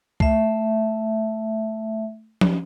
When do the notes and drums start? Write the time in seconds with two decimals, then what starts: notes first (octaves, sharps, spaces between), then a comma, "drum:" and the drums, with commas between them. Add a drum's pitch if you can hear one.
0.20 A3 E5, drum: kick C2
2.41 drum: tom F3